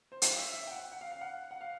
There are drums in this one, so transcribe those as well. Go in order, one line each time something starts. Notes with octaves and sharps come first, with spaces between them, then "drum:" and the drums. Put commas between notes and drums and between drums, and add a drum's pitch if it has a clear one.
C5
drum: hi-hat
F5
E5
E5
G5
F#5
F#5
F5
F5
F#5
F#5
F5